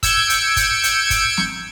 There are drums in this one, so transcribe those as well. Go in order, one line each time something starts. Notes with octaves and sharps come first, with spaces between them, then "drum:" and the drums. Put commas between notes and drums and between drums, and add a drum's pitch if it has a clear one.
E6 G6 G#6 C#7 D7, drum: kick, hi-hat
drum: hi-hat
drum: kick, hi-hat
drum: hi-hat
drum: kick, hi-hat
drum: snare